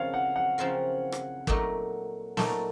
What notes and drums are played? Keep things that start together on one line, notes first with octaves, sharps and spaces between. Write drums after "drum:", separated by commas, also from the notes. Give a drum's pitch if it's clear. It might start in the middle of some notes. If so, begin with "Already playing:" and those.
Already playing: C#3 F3 C4 F4 A#4 C#5 F5
F#5
F#5
C#3 F3 C4 F4 A#4
drum: rim click
A#2 F#3 A3 D#4 A#4, drum: kick
A#2 F#3 A3 D#4 A#4 A5, drum: snare